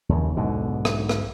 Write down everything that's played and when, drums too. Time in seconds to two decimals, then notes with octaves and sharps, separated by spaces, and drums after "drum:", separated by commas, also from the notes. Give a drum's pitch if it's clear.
0.09 D#2 C#3
0.37 B1 G#2 B2 D3
0.85 drum: rim click
1.09 drum: rim click